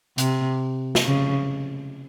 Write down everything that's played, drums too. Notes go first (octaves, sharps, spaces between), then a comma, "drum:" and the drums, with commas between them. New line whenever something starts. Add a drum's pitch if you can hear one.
C3, drum: hi-hat
drum: snare
C#3